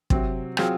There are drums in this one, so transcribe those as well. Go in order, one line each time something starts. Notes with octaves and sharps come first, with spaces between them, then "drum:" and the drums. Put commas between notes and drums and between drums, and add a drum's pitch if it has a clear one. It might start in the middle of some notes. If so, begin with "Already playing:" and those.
C3 F#3 C4, drum: kick
F#3 C4 F4 G#4, drum: rim click